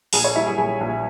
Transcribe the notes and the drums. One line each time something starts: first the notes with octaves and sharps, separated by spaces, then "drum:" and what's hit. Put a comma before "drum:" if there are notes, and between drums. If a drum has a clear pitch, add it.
A#1 G#4 G#5, drum: open hi-hat
C#5
G3 E4 E5
G#4 G#5
A#1 G#4 G#5
A#1